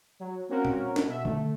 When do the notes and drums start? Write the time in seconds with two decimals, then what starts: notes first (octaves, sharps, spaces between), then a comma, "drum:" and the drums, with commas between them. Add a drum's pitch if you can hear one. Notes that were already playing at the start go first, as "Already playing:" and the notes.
0.20 F#3
0.49 A#3 C4 C#4 F#4 A#4
0.65 drum: tom A#2
0.96 drum: snare
1.06 B2 E5
1.25 A3, drum: tom D3